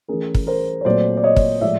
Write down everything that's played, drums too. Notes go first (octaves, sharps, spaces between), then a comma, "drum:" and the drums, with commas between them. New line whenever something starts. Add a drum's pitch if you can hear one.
E3 A3 C#4 G#4 A#4
drum: kick
A#4 C5
C#5
A#2 F#3 A3 C4 C5 D5
D5
C#5 D#5
drum: kick
A2 F3 G#3 D5 E5